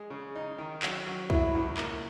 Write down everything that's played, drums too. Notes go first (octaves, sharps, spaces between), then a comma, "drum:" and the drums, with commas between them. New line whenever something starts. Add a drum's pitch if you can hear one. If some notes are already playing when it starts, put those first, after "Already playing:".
Already playing: G#3
C#3
D#4
D#3
F#3, drum: clap
F#3
F#3 E4, drum: kick
C#2
A#3, drum: clap